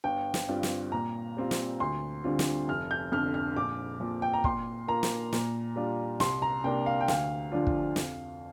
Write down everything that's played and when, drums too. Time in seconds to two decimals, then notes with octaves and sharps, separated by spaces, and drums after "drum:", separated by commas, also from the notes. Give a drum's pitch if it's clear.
0.04 G1 G5
0.34 drum: snare
0.48 G2 G3 C4 F4
0.63 drum: snare
0.92 A#2 A#5
1.37 G3 C4 F4
1.51 drum: snare
1.80 D2 C6
2.24 D3 G3 C4 F4
2.39 drum: snare
2.68 F1 F6
2.91 G6
3.12 F2 D3 F6
3.34 F6
3.56 A#1 D6
4.00 A#2 F3
4.22 G5
4.34 A#5
4.44 A#2 C6, drum: kick
4.88 A#3 F4 A#5
5.03 drum: snare
5.33 A#2, drum: snare
5.76 G3 D4 F4
6.20 C2 C6, drum: snare
6.42 A#5
6.64 C3 A#3 D4 G5
6.86 F5
7.01 G5
7.08 D2 F5, drum: snare
7.52 D3 F3 D4 F4
7.67 drum: kick
7.96 F2, drum: snare